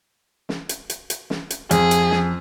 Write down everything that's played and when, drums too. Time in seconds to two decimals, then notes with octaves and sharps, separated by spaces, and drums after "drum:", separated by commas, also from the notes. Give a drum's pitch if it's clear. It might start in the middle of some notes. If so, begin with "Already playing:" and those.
0.49 drum: snare
0.69 drum: hi-hat
0.90 drum: hi-hat
1.10 drum: hi-hat
1.30 drum: snare
1.50 drum: hi-hat
1.71 F2 G#4, drum: hi-hat
1.91 drum: hi-hat
2.11 drum: snare